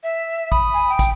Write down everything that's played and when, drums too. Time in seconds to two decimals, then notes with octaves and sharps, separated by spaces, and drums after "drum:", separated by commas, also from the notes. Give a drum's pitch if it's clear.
0.03 E5
0.52 B5 D#6, drum: kick
0.74 G#5
0.89 G5
0.99 drum: kick, hi-hat